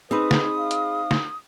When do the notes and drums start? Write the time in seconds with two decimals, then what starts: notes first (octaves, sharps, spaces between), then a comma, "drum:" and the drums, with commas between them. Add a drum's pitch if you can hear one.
0.11 C4 D#4 G#4 B4 B5 D#6
0.31 drum: snare
0.59 F5
0.71 drum: hi-hat
1.11 drum: snare